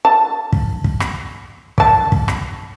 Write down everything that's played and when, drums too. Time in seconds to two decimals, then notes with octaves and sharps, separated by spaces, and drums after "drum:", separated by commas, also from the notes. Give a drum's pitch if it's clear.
0.05 A5
0.53 drum: kick
0.84 drum: kick
1.00 drum: rim click
1.78 D5 A5, drum: kick
2.12 drum: kick
2.28 drum: rim click